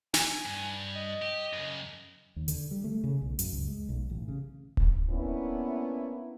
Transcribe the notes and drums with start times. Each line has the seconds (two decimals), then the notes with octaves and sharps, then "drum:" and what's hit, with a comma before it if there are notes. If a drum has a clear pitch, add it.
0.14 G#5, drum: snare
0.45 G2
0.95 D#5
1.22 G4
1.53 F#2 C#3
2.36 D#2
2.48 D3, drum: hi-hat
2.71 G3
2.84 A3
3.04 C#3
3.21 B1
3.39 F#2, drum: hi-hat
3.53 C#2
3.68 G#3
3.89 B1
4.10 A1
4.28 C#3
4.77 drum: kick D1
5.10 A#3 B3 C#4 D4 E4